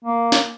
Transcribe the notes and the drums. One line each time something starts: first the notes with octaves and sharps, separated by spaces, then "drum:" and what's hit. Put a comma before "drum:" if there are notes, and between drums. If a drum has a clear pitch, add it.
A#3
drum: snare